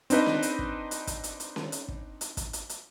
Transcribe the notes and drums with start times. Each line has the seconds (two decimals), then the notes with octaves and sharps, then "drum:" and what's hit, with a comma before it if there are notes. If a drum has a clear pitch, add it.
0.10 C4 D4 D#4 B4 D#5, drum: hi-hat
0.26 drum: snare C#4
0.42 drum: hi-hat
0.59 drum: kick
0.91 drum: hi-hat
1.07 drum: kick, hi-hat
1.24 drum: hi-hat
1.40 drum: hi-hat
1.56 drum: snare C#4
1.72 drum: hi-hat
1.88 drum: kick
2.21 drum: hi-hat
2.37 drum: kick, hi-hat
2.53 drum: hi-hat
2.69 drum: hi-hat